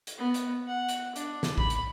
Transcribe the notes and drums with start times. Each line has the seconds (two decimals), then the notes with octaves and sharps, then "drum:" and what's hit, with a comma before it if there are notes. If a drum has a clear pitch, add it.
0.07 drum: hi-hat
0.19 B3
0.34 drum: hi-hat
0.68 F#5
0.89 drum: hi-hat
1.16 D4, drum: hi-hat
1.43 drum: snare
1.58 B5, drum: kick
1.70 drum: hi-hat